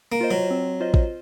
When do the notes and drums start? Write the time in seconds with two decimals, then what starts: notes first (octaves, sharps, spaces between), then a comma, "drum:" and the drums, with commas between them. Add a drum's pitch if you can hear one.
0.12 A#3
0.21 F4 C5 D#5
0.31 F#3
0.51 C4
0.80 F4 C5 D#5
0.94 drum: kick A1